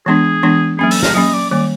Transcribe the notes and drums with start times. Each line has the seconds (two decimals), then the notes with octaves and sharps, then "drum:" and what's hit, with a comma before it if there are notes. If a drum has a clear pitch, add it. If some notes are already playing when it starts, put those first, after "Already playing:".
0.06 E3 G#3 B3 D4 G#4
0.43 E3 G#3 B3 D4
0.78 F#3 A#3 C#4 G#4
0.91 A4, drum: open hi-hat
1.03 A#4, drum: snare
1.15 F#3 A#3 C#4 D#5
1.34 D5
1.51 D#3 G3 A#3 D5